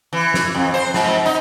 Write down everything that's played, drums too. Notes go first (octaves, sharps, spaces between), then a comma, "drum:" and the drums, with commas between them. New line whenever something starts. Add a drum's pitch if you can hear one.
E3
drum: snare
F2
C5
G#2, drum: snare
D#4